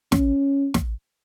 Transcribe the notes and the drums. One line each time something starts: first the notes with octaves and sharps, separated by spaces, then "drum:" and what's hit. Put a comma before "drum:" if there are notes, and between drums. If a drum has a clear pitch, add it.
C#4, drum: snare
drum: snare